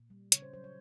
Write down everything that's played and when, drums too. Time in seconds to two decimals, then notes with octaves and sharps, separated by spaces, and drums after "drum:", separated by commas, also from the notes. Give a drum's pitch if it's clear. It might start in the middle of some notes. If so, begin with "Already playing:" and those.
Already playing: A#2
0.10 G3
0.32 C#3 C#5, drum: hi-hat
0.42 C5
0.53 F#3 C5
0.64 C#5